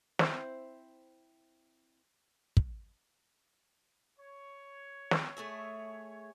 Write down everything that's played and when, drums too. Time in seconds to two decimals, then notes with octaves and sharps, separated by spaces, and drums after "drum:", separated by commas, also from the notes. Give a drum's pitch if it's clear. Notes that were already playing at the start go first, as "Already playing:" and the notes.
0.19 C4 E4 C5, drum: snare
2.57 drum: kick
4.19 C#5
5.11 drum: snare
5.37 A3 G#4 E5